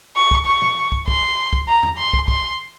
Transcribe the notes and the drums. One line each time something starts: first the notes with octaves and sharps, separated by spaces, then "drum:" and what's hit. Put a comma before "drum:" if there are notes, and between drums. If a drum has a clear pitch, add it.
C#6
drum: kick
C#6
drum: tom
drum: kick
C6, drum: kick
drum: kick
A#5
drum: tom E2
C6
drum: kick
C6, drum: kick